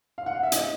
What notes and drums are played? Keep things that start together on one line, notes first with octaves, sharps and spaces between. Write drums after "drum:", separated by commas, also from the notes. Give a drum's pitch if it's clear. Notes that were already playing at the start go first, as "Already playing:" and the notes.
F5
F#5
F5
E5
D#5, drum: hi-hat